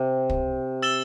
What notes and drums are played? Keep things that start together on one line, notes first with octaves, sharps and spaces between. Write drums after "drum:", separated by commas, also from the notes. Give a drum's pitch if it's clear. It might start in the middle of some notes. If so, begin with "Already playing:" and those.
Already playing: C3
drum: kick
E6 A6 E7 G7